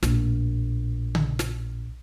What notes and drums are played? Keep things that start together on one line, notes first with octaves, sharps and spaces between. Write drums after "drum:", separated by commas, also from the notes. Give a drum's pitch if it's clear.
A#1 A2, drum: snare
drum: tom C#3
drum: snare